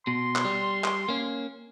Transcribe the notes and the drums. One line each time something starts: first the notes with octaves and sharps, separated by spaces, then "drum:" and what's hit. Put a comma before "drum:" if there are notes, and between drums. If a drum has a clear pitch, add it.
B2 C6
drum: clap
G3
drum: clap
A#3 C#4